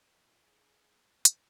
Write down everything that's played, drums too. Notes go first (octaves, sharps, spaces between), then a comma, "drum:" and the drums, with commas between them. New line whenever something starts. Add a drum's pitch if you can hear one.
A#2
G#4
drum: hi-hat